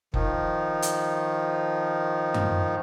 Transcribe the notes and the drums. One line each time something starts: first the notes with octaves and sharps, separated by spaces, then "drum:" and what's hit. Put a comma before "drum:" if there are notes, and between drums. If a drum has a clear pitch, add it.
D#3 F3, drum: kick F#1
drum: hi-hat
drum: tom F#2